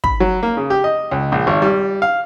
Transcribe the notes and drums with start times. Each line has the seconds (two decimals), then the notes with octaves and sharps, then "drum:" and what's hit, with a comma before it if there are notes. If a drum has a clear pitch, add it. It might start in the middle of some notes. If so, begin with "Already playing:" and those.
0.04 B5, drum: kick
0.20 F#3
0.43 A#3
0.57 C#3
0.70 G4
0.84 D#5
1.12 C#2
1.32 A#1
1.47 G#1
1.62 G3
2.02 F5